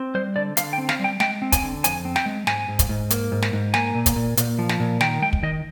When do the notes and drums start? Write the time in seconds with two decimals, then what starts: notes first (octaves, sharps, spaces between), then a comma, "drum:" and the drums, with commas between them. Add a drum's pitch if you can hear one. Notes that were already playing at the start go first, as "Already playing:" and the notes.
Already playing: C4
0.15 G3 C5
0.36 D3 D5
0.57 D3 F5, drum: hi-hat
0.73 G5
0.78 C4
0.89 F5, drum: snare
0.99 G3 G5
1.20 G#3 G5, drum: snare
1.42 C4
1.52 G#5, drum: kick, hi-hat
1.63 D3
1.84 F2 G#5, drum: hi-hat
2.05 C4
2.16 G5, drum: snare
2.26 G#3
2.47 G#2 G#5, drum: snare
2.68 G#2
2.79 drum: kick, hi-hat
2.89 G#2
3.10 A#3, drum: hi-hat
3.32 G#2
3.42 drum: snare
3.53 G#2
3.74 A#3 G#5, drum: snare
3.95 A#2
4.06 drum: kick, hi-hat
4.16 A#2
4.37 A#2, drum: hi-hat
4.59 F3
4.69 drum: snare
4.80 A#2
5.01 D#3 G5, drum: snare
5.22 G#3 G5
5.33 drum: kick
5.43 D#3 D#5